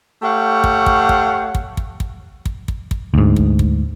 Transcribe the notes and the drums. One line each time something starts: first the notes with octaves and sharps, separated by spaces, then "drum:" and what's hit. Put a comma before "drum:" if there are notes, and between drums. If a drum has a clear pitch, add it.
A3 G4 C#5 F5 F#5
drum: kick
drum: kick
drum: kick
drum: kick
drum: kick
drum: kick
drum: kick
drum: kick
drum: kick
D2 G#2
drum: kick
drum: kick